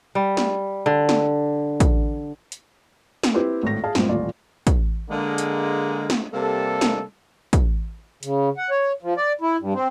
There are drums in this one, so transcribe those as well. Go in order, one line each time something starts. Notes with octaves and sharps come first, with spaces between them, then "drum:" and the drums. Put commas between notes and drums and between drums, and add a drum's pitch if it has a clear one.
G3
drum: snare
D3
drum: snare
drum: kick, hi-hat
drum: hi-hat
drum: snare
C4 E4 G4 B4 C5
G#1 A2 A#6
G#4 F5 A5
G2 A#2 G#3 C4, drum: snare
D#1 A1 F4 D5
drum: kick, hi-hat
D3 G#3 A#3
drum: hi-hat
drum: snare
C3 G3 A#3 A4
drum: snare
drum: kick, hi-hat
C#3, drum: hi-hat
F#5
C#5
F3
D5
E4
G2
C4